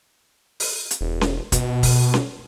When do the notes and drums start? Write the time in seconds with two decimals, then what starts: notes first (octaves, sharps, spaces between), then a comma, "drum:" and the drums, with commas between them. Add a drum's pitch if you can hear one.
0.60 drum: open hi-hat
0.91 drum: hi-hat
1.01 E1
1.21 drum: snare C#4
1.52 B2, drum: kick, hi-hat
1.83 drum: kick, open hi-hat
2.14 drum: snare C#4